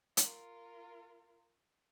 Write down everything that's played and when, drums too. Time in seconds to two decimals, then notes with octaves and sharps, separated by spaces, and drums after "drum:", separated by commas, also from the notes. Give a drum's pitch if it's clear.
0.17 F4 A#4, drum: hi-hat